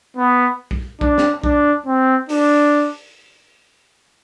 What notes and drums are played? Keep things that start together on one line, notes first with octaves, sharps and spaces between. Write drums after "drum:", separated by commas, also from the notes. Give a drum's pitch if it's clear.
B3
drum: kick B1
D4, drum: kick B1
drum: snare
D4, drum: kick B1
C4
D4, drum: open hi-hat